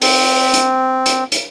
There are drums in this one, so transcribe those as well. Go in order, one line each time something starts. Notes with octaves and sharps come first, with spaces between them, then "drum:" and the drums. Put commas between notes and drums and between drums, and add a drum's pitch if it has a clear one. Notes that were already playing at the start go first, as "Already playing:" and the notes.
C4, drum: open hi-hat
drum: hi-hat
drum: hi-hat
drum: hi-hat